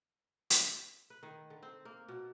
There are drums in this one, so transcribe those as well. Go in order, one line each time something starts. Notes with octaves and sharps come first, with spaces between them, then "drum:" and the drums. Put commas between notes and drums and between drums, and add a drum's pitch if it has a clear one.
drum: hi-hat
B4
D#3
D3
C4
A#3
B2